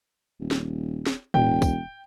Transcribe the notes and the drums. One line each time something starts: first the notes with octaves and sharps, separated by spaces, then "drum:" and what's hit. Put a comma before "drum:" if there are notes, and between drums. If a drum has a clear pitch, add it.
D#1
drum: snare
drum: snare
E1 G5, drum: tom A2
drum: kick, tambourine